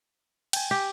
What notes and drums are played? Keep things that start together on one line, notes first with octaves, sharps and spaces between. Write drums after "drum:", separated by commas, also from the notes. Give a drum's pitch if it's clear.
G5 G#5, drum: cymbal
G4